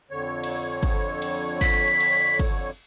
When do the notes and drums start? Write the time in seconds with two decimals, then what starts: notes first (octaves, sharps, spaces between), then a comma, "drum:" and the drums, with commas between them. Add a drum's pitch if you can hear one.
0.11 F2 D3 C#5
0.44 drum: cymbal
0.83 drum: kick, cymbal
1.22 drum: cymbal
1.61 B6, drum: kick, cymbal
2.00 drum: cymbal
2.39 drum: kick, cymbal